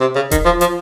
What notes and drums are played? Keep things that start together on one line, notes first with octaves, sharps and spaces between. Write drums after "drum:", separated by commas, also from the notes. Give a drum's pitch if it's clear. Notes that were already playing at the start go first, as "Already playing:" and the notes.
C3
C#3
D#3, drum: kick D#1, hi-hat
F3
F3, drum: hi-hat